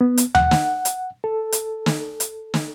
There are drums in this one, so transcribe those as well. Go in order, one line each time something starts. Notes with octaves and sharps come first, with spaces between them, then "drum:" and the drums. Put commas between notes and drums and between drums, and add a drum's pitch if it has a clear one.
B3
drum: hi-hat
F#5, drum: tom D#2
drum: snare
drum: hi-hat
A4
drum: hi-hat
drum: snare
drum: hi-hat
drum: snare